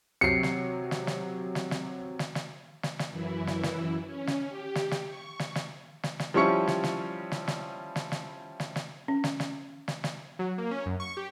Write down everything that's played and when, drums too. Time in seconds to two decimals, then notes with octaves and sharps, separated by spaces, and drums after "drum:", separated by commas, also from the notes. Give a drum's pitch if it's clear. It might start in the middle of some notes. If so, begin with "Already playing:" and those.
0.21 C3 F#3 C7 C#7
0.43 drum: snare
0.91 drum: snare
1.07 drum: snare
1.55 drum: snare
1.71 drum: snare
2.19 drum: snare
2.35 drum: snare
2.83 drum: snare
2.99 drum: snare
3.11 F#2 E3 E4
3.47 drum: snare
3.63 drum: snare
4.06 C#4
4.27 drum: snare
4.49 G4
4.75 drum: snare
4.91 drum: snare
5.06 C#6
5.39 drum: snare
5.55 drum: snare
6.03 drum: snare
6.19 drum: snare
6.34 F3 G3 C#4 E4 C#6 C#7
6.67 drum: snare
6.83 drum: snare
7.32 drum: snare
7.48 drum: snare
7.96 drum: snare
8.12 drum: snare
8.60 drum: snare
8.76 drum: snare
9.08 C#4
9.24 drum: snare
9.40 drum: snare
9.88 drum: snare
10.04 drum: snare
10.39 F#3
10.58 A#3
10.71 C#4
10.86 F#2
11.00 C#6
11.17 G4